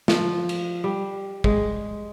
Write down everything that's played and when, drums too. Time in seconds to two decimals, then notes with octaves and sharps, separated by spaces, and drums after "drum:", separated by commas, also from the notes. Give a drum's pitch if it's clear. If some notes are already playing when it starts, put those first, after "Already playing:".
0.08 F3, drum: snare
0.49 drum: cymbal
0.84 G3
1.44 G#3, drum: kick